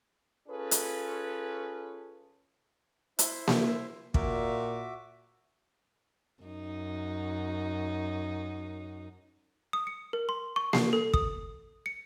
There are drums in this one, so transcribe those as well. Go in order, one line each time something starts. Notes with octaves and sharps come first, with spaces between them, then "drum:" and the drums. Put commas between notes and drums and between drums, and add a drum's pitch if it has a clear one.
C#4 F4 G#4 A4 B4
drum: hi-hat
E4 C5 E5, drum: hi-hat
drum: snare A#3
A#2 F#4 E5 D6, drum: kick
F#2 D#4
D#6
C#7
A#4
C6
C#6
C7, drum: snare A#3
A4
D#6, drum: kick
C#7